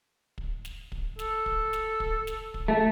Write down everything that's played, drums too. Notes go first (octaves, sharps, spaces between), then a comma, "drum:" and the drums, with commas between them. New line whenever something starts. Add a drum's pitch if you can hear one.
drum: kick
drum: snare
drum: kick
A4, drum: snare
drum: kick
drum: snare
drum: kick
drum: snare
drum: kick
A3